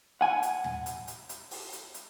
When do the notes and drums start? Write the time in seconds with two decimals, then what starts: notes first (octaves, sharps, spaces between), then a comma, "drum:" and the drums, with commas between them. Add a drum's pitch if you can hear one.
0.21 F#5 G#5
0.43 drum: hi-hat
0.64 drum: tom
0.86 drum: hi-hat
1.08 drum: hi-hat
1.29 drum: hi-hat
1.51 drum: open hi-hat
1.73 drum: hi-hat
1.94 drum: hi-hat